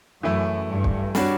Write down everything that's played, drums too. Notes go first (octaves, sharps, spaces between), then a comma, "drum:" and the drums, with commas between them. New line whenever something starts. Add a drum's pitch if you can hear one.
F#2 E3 A3 E4
G2
drum: kick
G3 D4 F#4 C#5, drum: snare C4